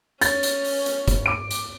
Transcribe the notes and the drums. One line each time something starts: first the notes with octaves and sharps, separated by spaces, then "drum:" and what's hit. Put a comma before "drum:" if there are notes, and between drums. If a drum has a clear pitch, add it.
C#4 A6, drum: hi-hat
drum: hi-hat
drum: open hi-hat
drum: hi-hat
drum: kick, hi-hat
D6 D7
drum: hi-hat